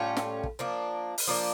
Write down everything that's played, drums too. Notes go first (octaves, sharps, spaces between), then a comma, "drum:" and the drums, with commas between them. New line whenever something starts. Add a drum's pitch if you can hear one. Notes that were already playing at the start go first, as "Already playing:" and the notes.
Already playing: A2 G3 C#4 F4
drum: snare
drum: kick
F3 A#3 D4
drum: open hi-hat
F3 A#3 D4